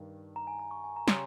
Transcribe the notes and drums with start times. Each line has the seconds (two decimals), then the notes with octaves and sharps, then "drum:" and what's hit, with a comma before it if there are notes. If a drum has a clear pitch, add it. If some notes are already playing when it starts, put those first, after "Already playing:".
Already playing: G2 D#3 G3
0.36 A#5
0.47 G#5
0.59 A#5
0.71 C#6
0.84 G#5
0.96 A#5
1.08 C#3 G3 C#4 G4 C6, drum: snare